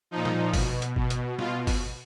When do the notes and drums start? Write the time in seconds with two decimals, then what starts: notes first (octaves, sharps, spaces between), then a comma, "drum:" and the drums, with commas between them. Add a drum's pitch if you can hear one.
0.11 A#2 F3 D#4
0.25 drum: snare
0.54 B2, drum: kick G1, open hi-hat
0.82 drum: hi-hat
0.96 B2, drum: kick G1
1.10 drum: hi-hat
1.39 B2 F4, drum: snare
1.67 drum: kick G1, open hi-hat